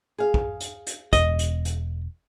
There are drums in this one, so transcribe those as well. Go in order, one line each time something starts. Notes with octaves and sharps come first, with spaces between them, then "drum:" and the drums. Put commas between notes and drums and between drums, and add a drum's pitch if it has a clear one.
G#4 F5
drum: kick
drum: hi-hat
drum: hi-hat
E1 D#5, drum: kick, hi-hat
drum: hi-hat
drum: hi-hat